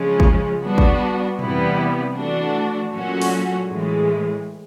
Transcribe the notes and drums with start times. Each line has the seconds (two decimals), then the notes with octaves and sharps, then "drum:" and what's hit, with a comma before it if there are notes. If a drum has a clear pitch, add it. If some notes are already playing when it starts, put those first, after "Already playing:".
Already playing: C#3 F3 G#3 C#4
0.20 drum: kick
0.63 G3 B3 D4 F#4
0.78 drum: kick
1.39 C3 E3 G3 B3 E4, drum: tom
2.16 E3 A3 D4 F#4
2.92 A#2 F#3 A3 C#4 F#4
3.22 drum: open hi-hat
3.68 A2 E3 G#3